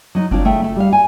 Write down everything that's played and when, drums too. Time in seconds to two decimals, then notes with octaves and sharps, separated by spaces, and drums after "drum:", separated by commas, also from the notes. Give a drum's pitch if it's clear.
0.15 F#3 D#4
0.31 C4 D4 F4 C#5, drum: kick F#1
0.45 C#3 A3 E5 G5
0.64 A3
0.76 G3 F5
0.93 G#5